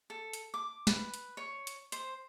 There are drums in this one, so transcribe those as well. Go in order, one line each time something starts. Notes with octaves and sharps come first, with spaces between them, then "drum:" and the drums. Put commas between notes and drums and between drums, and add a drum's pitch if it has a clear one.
A4
drum: hi-hat
D6
B4, drum: snare
drum: hi-hat
C#5
drum: hi-hat
C5, drum: hi-hat